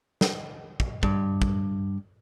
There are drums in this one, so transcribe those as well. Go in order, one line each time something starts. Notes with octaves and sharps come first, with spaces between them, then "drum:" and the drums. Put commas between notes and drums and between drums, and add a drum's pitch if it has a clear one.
drum: snare
drum: kick
G2, drum: kick
drum: kick